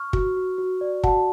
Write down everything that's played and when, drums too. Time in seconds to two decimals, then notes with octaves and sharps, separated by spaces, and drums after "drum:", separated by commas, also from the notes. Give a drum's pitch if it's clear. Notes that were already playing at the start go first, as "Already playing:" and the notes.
Already playing: C#6 F6
0.13 F#4, drum: kick
0.37 F#4
0.58 F#4
0.81 D5
1.04 F#4 F#5 A5, drum: kick